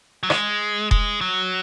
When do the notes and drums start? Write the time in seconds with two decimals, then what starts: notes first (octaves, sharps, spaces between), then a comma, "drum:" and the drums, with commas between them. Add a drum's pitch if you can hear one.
0.23 F#3
0.30 G#3, drum: rim click
0.91 G#3, drum: kick E1
1.21 F#3